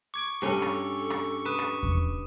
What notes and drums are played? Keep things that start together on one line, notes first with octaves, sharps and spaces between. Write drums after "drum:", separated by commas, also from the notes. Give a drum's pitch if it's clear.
C#6 D6 G#6 D7
G2 C#4 A4
drum: rim click
drum: rim click
B4 D#6 D#7 E7
drum: rim click
drum: kick E2